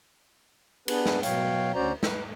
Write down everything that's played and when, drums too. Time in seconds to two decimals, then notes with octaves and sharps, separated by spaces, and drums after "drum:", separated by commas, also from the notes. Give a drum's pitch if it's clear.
0.88 B3 D4 G#4 B4, drum: cymbal
1.06 drum: snare
1.23 B2 F#3 C#5 F5 G5, drum: hi-hat
1.74 D2 C#4 F#4 C5 D5 A#5
2.03 B4, drum: snare